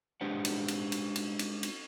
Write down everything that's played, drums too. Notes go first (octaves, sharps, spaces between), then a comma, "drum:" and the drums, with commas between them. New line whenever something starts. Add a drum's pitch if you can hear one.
G#3 D4 G4 B4 C5 F#5
drum: cymbal
drum: cymbal
drum: cymbal
drum: cymbal
drum: cymbal
drum: cymbal